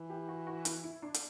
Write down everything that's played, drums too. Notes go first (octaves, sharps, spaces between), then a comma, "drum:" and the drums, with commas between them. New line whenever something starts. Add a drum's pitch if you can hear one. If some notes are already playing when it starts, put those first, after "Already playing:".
Already playing: E3
G4
F#4
F#4
E4, drum: hi-hat
E4
D4
drum: hi-hat